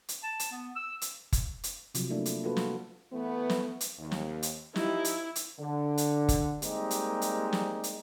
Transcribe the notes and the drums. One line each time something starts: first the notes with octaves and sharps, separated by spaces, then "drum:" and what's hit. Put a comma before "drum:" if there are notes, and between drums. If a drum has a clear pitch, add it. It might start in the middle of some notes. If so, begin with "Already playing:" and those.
drum: hi-hat
A5
drum: hi-hat
B3
E6
drum: hi-hat
drum: kick F#1, hi-hat
drum: hi-hat
C3 F3 F#3, drum: hi-hat
A3 A#3 D4 E4
drum: hi-hat
A#3 F4 F#4 A4 B4
drum: snare
E3 A3 B3
drum: snare
drum: hi-hat
D#2
drum: snare
drum: hi-hat
F3 D#4 E4 G4, drum: snare
drum: hi-hat
drum: hi-hat
D3
drum: hi-hat
drum: kick F#1, hi-hat
G3 G#3 A#3 C4 D#4 G4, drum: hi-hat
drum: hi-hat
drum: hi-hat
drum: snare
drum: hi-hat